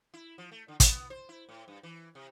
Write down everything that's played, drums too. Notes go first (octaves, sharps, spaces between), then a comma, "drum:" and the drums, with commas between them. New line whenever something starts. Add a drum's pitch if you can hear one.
E4
F3
A3
D3
B3, drum: kick, hi-hat
C5
E4
A2
G2
E3
C3